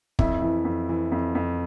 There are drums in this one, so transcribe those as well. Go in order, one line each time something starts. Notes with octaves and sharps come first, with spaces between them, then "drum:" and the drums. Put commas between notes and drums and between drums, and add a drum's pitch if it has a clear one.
F2 E4, drum: kick
E3
F2
E3
F2
F2